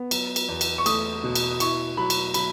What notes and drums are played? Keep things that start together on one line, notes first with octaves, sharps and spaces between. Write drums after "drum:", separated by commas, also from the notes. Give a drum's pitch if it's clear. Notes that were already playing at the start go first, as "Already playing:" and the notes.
Already playing: B3
F#3, drum: cymbal
drum: cymbal
E2
drum: cymbal
C#6
A3 D#6, drum: cymbal
B2
drum: cymbal
E4 C#6, drum: cymbal
F#3 B5
drum: cymbal
F#3 B5, drum: cymbal